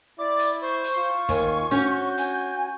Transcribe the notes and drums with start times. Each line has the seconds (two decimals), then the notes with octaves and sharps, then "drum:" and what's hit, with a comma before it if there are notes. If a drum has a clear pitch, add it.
0.19 E4 D5 D6
0.39 drum: hi-hat
0.62 C5 C#6
0.84 drum: hi-hat
0.97 F4
1.29 D#2 G#5, drum: kick, hi-hat
1.71 C#4 F#4 G6, drum: hi-hat
2.18 G#5, drum: hi-hat